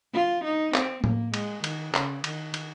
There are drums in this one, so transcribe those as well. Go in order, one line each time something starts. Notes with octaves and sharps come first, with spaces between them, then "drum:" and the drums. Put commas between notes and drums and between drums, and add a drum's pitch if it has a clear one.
F4
D#4
C4, drum: clap
A#3, drum: tom A2
G#3, drum: cymbal
D#3, drum: cymbal
C#3, drum: clap
D#3, drum: cymbal
drum: cymbal